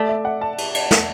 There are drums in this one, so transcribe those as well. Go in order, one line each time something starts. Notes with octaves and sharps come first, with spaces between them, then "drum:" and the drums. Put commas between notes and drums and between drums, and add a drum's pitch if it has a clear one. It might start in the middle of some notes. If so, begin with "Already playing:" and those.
Already playing: A3 D5
E5
F#5
A5
drum: cymbal
drum: cymbal
drum: snare